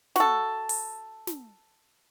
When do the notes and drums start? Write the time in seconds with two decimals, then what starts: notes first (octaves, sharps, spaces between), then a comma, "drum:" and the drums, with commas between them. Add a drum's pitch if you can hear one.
0.16 F#4 A4, drum: snare
0.69 drum: open hi-hat
1.27 drum: snare